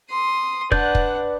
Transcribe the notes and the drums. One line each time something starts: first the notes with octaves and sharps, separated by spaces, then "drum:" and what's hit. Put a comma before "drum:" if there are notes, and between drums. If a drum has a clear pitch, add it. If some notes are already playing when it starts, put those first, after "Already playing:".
C6 D#6
D4 B4 D5 F#5 G6, drum: kick
drum: kick